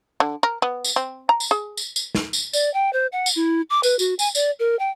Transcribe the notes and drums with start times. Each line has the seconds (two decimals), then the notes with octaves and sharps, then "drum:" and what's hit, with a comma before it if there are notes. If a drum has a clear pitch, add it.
0.20 D3
0.43 A#4
0.62 B3
0.84 drum: tambourine
0.96 C4
1.29 A#5
1.40 drum: tambourine
1.51 G#4
1.77 drum: tambourine
1.96 drum: tambourine
2.15 drum: snare
2.33 drum: tambourine
2.53 D5, drum: tambourine
2.74 G5
2.93 C5
3.12 F#5
3.26 drum: tambourine
3.36 E4
3.70 D6
3.83 B4, drum: tambourine
3.99 F#4, drum: tambourine
4.19 G#5, drum: tambourine
4.35 D5, drum: tambourine
4.59 A#4
4.79 G5